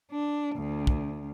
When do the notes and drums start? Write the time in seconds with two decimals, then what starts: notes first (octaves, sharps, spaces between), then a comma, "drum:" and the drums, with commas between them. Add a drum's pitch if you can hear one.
0.11 D4
0.56 D2
0.87 drum: kick